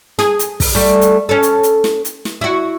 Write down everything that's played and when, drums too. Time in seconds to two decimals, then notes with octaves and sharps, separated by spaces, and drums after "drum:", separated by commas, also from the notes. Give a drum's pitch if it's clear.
0.19 G#4, drum: snare
0.39 drum: hi-hat
0.60 drum: kick, open hi-hat
0.75 G3 A3
1.01 drum: hi-hat
1.29 C#4 A4
1.43 drum: hi-hat
1.63 drum: hi-hat
1.84 drum: snare
2.05 drum: hi-hat
2.25 drum: snare
2.41 E4 F#4